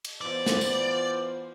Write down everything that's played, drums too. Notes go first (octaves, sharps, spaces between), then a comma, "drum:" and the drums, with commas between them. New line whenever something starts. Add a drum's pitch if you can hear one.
drum: cymbal
E3 B3 F4 C5 D5
drum: snare
drum: tambourine